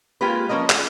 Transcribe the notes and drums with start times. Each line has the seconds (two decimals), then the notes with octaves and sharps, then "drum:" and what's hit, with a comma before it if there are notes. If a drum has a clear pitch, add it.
0.21 G#3 A#3 F4 G4 B4
0.49 F3 A#3 C#4 A#4 D#5
0.70 F4 G#4, drum: clap